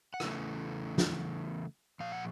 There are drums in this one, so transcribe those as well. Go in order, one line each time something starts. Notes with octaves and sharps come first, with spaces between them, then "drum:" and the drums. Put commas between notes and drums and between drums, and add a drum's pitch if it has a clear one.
F#5
E2 C#3 E3 A3, drum: rim click
drum: snare
A#2 F3 F5
F#5